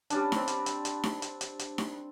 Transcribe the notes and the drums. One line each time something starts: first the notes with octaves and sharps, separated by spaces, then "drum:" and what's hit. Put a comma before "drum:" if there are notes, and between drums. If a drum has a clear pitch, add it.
G3 C#4 D4, drum: hi-hat
G3 C4, drum: snare D#4
drum: hi-hat
drum: hi-hat
drum: hi-hat
drum: snare D#4
drum: hi-hat
drum: hi-hat
drum: hi-hat
drum: snare D#4